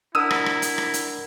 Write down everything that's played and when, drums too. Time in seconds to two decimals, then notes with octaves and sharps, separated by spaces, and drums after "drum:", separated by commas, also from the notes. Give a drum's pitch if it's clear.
0.15 D4 E4 A#4 F#5 D#6 E6
0.31 drum: rim click
0.46 drum: rim click
0.62 drum: hi-hat
0.78 drum: rim click
0.94 drum: hi-hat